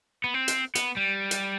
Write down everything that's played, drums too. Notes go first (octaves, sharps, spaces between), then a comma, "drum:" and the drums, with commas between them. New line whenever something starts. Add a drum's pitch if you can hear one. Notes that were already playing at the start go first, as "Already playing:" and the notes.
B3
C4
drum: hi-hat
B3, drum: hi-hat
G3
drum: hi-hat